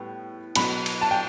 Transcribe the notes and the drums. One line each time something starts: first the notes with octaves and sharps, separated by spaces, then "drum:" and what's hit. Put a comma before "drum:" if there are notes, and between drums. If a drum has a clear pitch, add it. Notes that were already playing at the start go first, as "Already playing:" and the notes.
Already playing: A2 G3 B3
B2 F#3 B3 B5, drum: cymbal
drum: cymbal
A5
G5